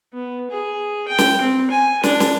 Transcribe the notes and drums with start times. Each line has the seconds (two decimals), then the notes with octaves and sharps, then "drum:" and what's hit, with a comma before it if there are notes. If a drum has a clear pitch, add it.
0.13 B3
0.51 G#4
1.08 G5
1.18 drum: snare
1.41 C4
1.71 G#5
2.03 D4, drum: snare
2.20 drum: snare